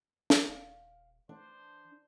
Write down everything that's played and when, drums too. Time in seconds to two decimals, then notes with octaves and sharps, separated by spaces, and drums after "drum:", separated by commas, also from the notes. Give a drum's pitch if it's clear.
0.30 drum: snare
0.48 D#1 F5
1.29 E3 D4 C5